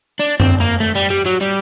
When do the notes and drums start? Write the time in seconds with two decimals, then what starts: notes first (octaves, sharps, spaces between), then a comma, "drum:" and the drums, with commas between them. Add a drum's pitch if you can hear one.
0.19 D4
0.40 C4, drum: tom F#2
0.60 A#3
0.80 A3
0.95 G3
1.10 G3
1.26 F#3
1.41 G3